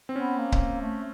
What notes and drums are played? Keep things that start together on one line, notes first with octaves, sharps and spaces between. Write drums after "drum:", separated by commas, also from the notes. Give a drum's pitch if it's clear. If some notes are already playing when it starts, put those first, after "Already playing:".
C4
B3 C#4
A#3
drum: kick C#1
A3